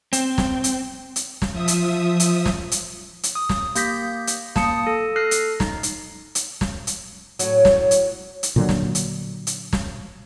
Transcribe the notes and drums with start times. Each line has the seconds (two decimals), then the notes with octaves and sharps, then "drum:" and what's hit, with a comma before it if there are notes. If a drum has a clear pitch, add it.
0.13 C4, drum: hi-hat
0.38 drum: snare
0.64 drum: hi-hat
1.16 drum: hi-hat
1.42 drum: snare
1.52 F3 E5 D#6
1.68 drum: hi-hat
2.20 drum: hi-hat
2.46 drum: snare
2.72 drum: hi-hat
3.23 drum: hi-hat
3.35 D#6
3.49 drum: snare
3.75 A#3 G4 G6 A#6 B6, drum: hi-hat
4.27 drum: hi-hat
4.56 A#3 A5 D#6 C#7, drum: snare
4.87 A4
5.16 A4 F6 F#6 A#6 C7
5.31 drum: hi-hat
5.60 D#4, drum: snare
5.83 drum: hi-hat
6.35 drum: hi-hat
6.61 drum: snare
6.87 drum: hi-hat
7.39 A2 F#3 C#5, drum: hi-hat
7.65 drum: snare
7.91 drum: hi-hat
8.43 drum: hi-hat
8.56 A#2 D3 F#3
8.69 drum: snare
8.95 drum: hi-hat
9.47 drum: hi-hat
9.73 drum: snare